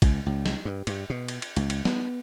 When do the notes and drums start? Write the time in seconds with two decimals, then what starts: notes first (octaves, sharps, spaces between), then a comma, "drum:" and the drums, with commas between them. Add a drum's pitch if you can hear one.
0.02 C#2, drum: kick A#1, cymbal
0.26 C#2
0.46 drum: snare
0.65 G2
0.87 G2, drum: cymbal
1.10 B2
1.28 drum: cymbal
1.42 drum: cymbal
1.56 C#2, drum: cymbal
1.70 drum: cymbal
1.85 B3, drum: snare